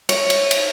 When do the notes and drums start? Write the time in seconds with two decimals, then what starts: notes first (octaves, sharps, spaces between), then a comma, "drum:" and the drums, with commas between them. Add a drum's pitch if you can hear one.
0.09 C#5, drum: cymbal
0.30 drum: cymbal
0.51 drum: cymbal